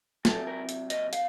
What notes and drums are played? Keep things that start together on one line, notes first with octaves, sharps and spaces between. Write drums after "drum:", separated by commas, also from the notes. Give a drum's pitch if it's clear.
C3 F#3 C4 A4, drum: snare
A#4
drum: hi-hat
D#5, drum: hi-hat
F5, drum: hi-hat